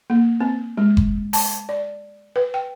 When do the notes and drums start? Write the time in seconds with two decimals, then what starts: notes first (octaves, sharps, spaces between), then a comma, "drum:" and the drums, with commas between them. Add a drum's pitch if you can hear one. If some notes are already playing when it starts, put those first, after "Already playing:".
0.10 A#3
0.40 C4
0.78 G#3
0.97 drum: kick F#1
1.33 A5, drum: open hi-hat
1.69 D5
2.36 B4
2.54 G5